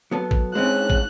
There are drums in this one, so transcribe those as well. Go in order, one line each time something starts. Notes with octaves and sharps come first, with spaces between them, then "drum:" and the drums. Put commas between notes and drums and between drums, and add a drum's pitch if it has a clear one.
F#3 B3 A4
drum: kick
G#3 C4 C#4 F#6
drum: kick